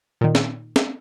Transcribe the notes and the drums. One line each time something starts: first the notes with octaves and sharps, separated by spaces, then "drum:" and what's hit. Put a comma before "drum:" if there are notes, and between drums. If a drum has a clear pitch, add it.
A#2 D#3
drum: snare
drum: snare